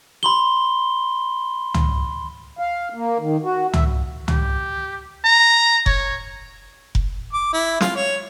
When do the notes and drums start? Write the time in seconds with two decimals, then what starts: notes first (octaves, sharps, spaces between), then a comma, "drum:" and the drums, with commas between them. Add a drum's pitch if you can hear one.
0.23 B5 C6 G7
1.74 drum: tom
2.59 F5
2.94 A#3
3.19 D#3
3.44 F#4
3.73 E5, drum: tom
4.28 G4, drum: tom
5.25 A#5
5.86 C#5, drum: kick F1
6.95 drum: kick F1
7.33 D6
7.53 E4
7.81 F4, drum: snare
7.96 C#5